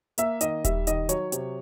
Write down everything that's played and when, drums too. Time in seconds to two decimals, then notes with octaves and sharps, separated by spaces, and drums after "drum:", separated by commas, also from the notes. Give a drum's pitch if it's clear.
0.18 A#3 E5, drum: hi-hat
0.41 D#3 D#5, drum: hi-hat
0.64 G3 E5, drum: kick D#1, hi-hat
0.87 D#3 D#5, drum: hi-hat
1.09 F#3 C#5, drum: hi-hat
1.32 C3, drum: hi-hat